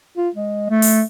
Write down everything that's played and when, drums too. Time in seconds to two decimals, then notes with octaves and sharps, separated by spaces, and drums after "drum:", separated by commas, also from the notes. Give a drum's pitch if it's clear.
0.17 F4
0.35 G#3
0.70 A3
0.82 drum: open hi-hat